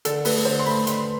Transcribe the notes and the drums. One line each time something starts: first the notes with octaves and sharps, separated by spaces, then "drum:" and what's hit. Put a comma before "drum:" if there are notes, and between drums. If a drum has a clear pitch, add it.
D3 A4, drum: hi-hat
A3 B4, drum: open hi-hat
D3 C5
C6
A3 B5
D3 C6, drum: hi-hat